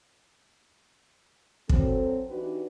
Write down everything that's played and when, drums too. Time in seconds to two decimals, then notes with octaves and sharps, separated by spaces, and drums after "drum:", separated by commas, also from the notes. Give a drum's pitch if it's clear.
1.69 F#3 C4 A4, drum: kick
2.29 E3 D4 D#4 F#4 G4 B4